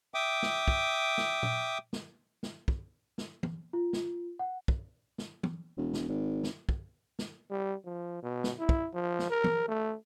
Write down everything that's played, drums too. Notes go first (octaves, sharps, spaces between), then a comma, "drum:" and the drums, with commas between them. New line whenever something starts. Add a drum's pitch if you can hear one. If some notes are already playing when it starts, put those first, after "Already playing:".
E5 G5 D6 D#6
drum: snare
drum: kick
drum: snare
drum: tom
drum: snare
drum: snare
drum: kick
drum: snare
drum: tom
F4
drum: snare
F#5
drum: kick
drum: snare
drum: tom
E1
drum: snare
G#1
drum: snare
drum: kick
drum: snare
G3
F3
B2
drum: snare
E4
drum: kick
F3
drum: snare
A#4
drum: tom
A3